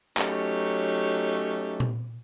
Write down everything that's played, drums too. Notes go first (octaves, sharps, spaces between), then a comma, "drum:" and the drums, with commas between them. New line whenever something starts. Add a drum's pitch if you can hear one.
F#3 A3 C#4 D#4 G4, drum: clap
drum: tom A#2